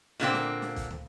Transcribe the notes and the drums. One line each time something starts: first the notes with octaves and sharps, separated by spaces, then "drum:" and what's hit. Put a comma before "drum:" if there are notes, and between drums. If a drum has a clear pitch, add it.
A#2 D3 A#3 C4, drum: hi-hat
drum: snare
drum: snare
drum: kick, hi-hat
drum: tom